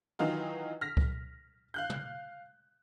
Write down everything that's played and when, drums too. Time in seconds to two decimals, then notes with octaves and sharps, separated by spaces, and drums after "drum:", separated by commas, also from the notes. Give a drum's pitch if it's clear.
0.19 D#3 E3 F#3 D#4 F4
0.81 F6 A#6 B6
0.97 drum: kick C#2
1.74 F5 F#6 G6
1.90 drum: tom